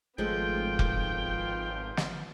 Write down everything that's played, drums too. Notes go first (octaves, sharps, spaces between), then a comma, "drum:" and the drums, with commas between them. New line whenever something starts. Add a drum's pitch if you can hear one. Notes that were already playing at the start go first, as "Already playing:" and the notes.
G#1 F3 G#3 A3 B3 F4 G5
drum: kick F1
drum: snare